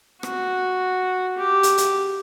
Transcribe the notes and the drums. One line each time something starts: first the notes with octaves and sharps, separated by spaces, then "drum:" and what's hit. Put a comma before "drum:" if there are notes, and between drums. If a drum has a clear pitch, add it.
F#4, drum: rim click
G4
drum: hi-hat
drum: hi-hat